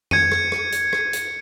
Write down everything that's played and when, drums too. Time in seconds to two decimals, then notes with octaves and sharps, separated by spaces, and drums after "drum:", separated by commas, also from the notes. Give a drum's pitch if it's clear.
0.11 G#6 C#7 D#7, drum: tom F2
0.32 drum: rim click
0.52 drum: rim click
0.72 drum: hi-hat
0.93 drum: rim click
1.13 drum: hi-hat